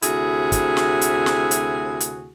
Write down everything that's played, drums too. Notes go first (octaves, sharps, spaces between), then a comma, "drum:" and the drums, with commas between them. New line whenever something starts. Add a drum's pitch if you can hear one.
D2 C3 E4 F#4 G#4, drum: hi-hat
drum: kick, hi-hat
drum: snare
drum: hi-hat
drum: snare
drum: hi-hat
drum: hi-hat